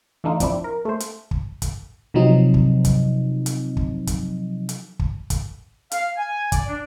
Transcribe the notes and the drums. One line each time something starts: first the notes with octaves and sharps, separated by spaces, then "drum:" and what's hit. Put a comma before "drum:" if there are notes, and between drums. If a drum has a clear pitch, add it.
E3 A3 D4 D#4 F4
F3 C4 D4 E4, drum: kick, hi-hat
A#4
A3 C5
drum: hi-hat
drum: kick
drum: kick, hi-hat
C3 F3 F#3 C4 D#4
drum: kick
drum: kick, hi-hat
drum: hi-hat
drum: kick
drum: kick, hi-hat
drum: hi-hat
drum: kick
drum: kick, hi-hat
F5, drum: hi-hat
G#5
D5, drum: kick, hi-hat
D4